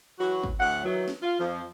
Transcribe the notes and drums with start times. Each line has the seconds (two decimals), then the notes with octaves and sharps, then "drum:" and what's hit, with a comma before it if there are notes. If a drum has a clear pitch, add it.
0.19 E3 F#3 F#4
0.43 drum: kick
0.60 D2 A2 F#5
0.83 D#3 E3 F#3
1.08 drum: snare
1.22 F4
1.39 F2 F3